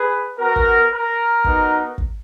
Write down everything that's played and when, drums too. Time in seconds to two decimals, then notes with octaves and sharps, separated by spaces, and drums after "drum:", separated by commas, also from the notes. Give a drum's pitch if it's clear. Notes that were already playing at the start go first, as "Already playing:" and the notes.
Already playing: G#4 B4
0.38 B3 F#4 A#4
0.56 drum: kick
0.91 A#4
1.44 B3 D#4 F#4, drum: kick
1.98 drum: kick